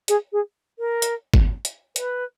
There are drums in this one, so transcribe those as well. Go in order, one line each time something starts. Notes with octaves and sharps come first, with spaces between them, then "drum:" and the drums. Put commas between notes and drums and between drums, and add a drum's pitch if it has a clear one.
G#4, drum: hi-hat
G#4
A#4
drum: hi-hat
drum: kick
drum: hi-hat
B4, drum: hi-hat